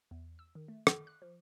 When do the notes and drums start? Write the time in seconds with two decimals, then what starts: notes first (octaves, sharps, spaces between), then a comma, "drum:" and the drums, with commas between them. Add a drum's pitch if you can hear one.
0.11 E2
0.39 E6
0.55 D#3
0.68 A3
0.87 D#3, drum: rim click
1.07 F#6
1.22 F3